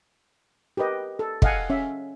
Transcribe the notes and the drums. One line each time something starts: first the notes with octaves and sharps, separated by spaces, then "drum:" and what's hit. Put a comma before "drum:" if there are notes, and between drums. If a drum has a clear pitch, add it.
G4 A#4 B4 D#5
A4
A4 D#5 F5 F#5 G#5, drum: kick
C#4 E5